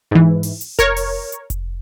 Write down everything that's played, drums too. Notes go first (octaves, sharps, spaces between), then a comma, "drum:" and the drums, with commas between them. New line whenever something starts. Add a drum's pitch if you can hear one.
G#2 E3
drum: open hi-hat
drum: hi-hat
A#4 C#5, drum: kick F1, hi-hat
drum: open hi-hat
drum: hi-hat
drum: kick F1, hi-hat